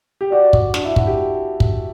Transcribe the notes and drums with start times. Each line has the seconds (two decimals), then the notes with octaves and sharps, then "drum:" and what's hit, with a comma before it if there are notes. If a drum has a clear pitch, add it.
0.21 G4
0.32 F#4 D5
0.53 drum: kick
0.74 D4, drum: snare
0.85 E4
0.96 F#4, drum: kick
1.07 G4
1.60 drum: kick